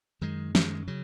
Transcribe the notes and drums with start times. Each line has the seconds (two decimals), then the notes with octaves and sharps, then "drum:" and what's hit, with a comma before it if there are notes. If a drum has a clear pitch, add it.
0.21 F#2 D#3 G#3
0.55 F#2 D#3 G#3, drum: snare
0.87 C#3 F#3